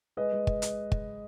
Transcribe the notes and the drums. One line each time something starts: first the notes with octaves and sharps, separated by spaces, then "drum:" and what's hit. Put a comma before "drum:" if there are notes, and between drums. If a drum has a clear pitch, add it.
G#3 B4 D#5
G#3
drum: kick
drum: hi-hat
drum: kick